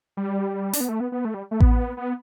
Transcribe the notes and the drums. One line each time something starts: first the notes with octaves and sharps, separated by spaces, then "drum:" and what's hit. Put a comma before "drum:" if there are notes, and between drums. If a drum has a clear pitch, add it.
G3
D4, drum: open hi-hat
B3
A3
B3
B3
A3
G3
A3
B3, drum: kick A1
B3